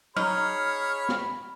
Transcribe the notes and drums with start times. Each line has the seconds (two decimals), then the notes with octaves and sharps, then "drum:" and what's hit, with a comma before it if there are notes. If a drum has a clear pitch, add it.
0.16 F#3 D#4 G#4 C#5 B5 F6, drum: tom F#3
1.09 drum: snare